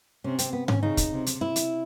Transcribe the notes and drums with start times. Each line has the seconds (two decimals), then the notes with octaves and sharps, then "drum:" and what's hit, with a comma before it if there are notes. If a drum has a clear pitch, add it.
0.24 C3 C#4
0.39 C4, drum: hi-hat
0.53 B3
0.68 C#4, drum: tom G#2
0.83 C#3 D#4
0.97 drum: kick, hi-hat
1.12 C3
1.26 drum: hi-hat
1.41 E4
1.56 drum: hi-hat